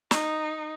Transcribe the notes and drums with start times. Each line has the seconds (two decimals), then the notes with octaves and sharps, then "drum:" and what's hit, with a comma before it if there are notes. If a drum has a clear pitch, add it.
0.11 D#4, drum: snare